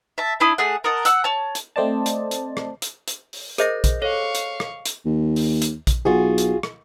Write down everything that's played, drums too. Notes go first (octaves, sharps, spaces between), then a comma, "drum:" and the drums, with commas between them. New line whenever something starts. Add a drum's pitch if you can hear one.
E5 A5
D4 E4 D#6
A3 G#4 F#5
A#4 D#5 F#5 A5
F#5 E6 F#6, drum: hi-hat
C#5 A5
drum: hi-hat
A3 C4 C5 D5 D#5 A5
drum: hi-hat
drum: hi-hat
drum: rim click
drum: hi-hat
drum: hi-hat
drum: open hi-hat
G#4 A#4 C5 D#5 G6 A#6, drum: hi-hat
drum: kick A#1, hi-hat
A4 C#5 F5 C#6
drum: hi-hat
drum: rim click
drum: hi-hat
D#2
drum: open hi-hat
drum: hi-hat
drum: kick A#1, hi-hat
B1 F4 F#4 G#4
drum: hi-hat
drum: rim click